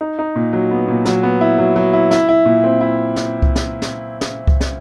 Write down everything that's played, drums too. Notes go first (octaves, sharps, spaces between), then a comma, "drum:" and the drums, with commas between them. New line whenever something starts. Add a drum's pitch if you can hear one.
D#4
D#4
A#2
F#3
B3
A#2
F#3, drum: snare
B3
E4
F#3
F#3
E4
E4, drum: snare
E4
A#2
C4
E4
drum: snare
drum: kick C2
drum: snare
drum: snare
drum: snare
drum: kick C2
drum: snare